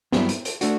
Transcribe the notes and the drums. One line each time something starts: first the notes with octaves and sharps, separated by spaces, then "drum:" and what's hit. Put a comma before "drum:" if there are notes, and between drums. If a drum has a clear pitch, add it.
G2 F#3 B3 E4, drum: snare C4
drum: hi-hat
drum: hi-hat
A3 D4 F#4, drum: hi-hat